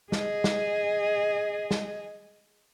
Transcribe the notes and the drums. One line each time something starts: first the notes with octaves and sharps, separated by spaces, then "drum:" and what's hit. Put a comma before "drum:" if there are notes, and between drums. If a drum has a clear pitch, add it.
G#4 D#5, drum: snare
drum: snare
drum: snare